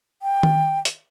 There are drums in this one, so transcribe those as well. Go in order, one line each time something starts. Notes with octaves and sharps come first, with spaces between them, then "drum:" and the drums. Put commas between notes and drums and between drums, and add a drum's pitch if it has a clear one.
G5
drum: tom D#3
drum: hi-hat